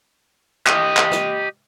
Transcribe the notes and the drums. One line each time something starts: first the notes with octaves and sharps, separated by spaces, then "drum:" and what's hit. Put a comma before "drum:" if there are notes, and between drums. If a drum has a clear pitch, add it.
G4 D#5, drum: clap
drum: clap
drum: rim click